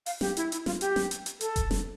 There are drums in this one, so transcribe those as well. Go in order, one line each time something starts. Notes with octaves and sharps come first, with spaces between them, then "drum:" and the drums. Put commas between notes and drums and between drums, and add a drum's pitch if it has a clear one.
F5, drum: open hi-hat
G4, drum: snare
E4, drum: hi-hat
E4, drum: hi-hat
F4, drum: snare
G4, drum: hi-hat
drum: snare
drum: hi-hat
drum: hi-hat
A4, drum: hi-hat
drum: kick F1, hi-hat
drum: snare